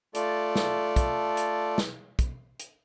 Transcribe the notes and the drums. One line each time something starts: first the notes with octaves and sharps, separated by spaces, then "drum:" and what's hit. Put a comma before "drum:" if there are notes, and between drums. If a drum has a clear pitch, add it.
A3 F4 A4 D5, drum: hi-hat
drum: snare
drum: kick, hi-hat
drum: hi-hat
drum: snare
drum: kick, hi-hat
drum: hi-hat